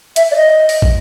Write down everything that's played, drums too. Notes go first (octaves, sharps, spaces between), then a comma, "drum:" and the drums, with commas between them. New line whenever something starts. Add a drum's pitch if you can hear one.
E5, drum: hi-hat
D5
D#5
drum: open hi-hat
drum: kick